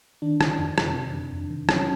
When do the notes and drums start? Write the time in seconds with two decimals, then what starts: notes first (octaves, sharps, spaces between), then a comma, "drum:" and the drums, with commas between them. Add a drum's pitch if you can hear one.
0.22 D#3 D4
0.41 D#3, drum: rim click
0.59 F2
0.78 C3, drum: rim click
0.96 C3
1.14 C3
1.32 F2
1.50 D#3
1.69 F#3 C#4, drum: rim click